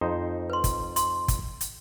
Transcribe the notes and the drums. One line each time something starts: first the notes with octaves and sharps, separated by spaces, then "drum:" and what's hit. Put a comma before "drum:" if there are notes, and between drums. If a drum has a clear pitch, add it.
F2 D#4 C5
B4 C6
drum: kick, hi-hat
C6, drum: hi-hat
drum: kick, hi-hat
drum: hi-hat